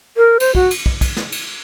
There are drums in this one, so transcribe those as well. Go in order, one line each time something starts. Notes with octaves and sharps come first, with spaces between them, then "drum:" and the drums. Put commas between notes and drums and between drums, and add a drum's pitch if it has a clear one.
A#4
C5, drum: cymbal
F#4, drum: kick
drum: cymbal
drum: kick
drum: kick, cymbal
drum: snare
drum: cymbal